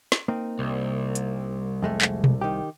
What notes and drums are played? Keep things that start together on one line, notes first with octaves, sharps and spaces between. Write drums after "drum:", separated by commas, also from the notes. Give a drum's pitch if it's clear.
drum: snare
A#3 C4 D#4
C2
drum: hi-hat
F2 G#3 A3
drum: clap
drum: tom B2
D#3 G4